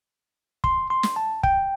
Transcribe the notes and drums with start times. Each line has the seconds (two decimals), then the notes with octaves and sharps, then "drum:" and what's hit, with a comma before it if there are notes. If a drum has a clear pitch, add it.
0.64 C6, drum: kick
0.90 C6
1.03 drum: snare
1.16 A5
1.43 G5, drum: kick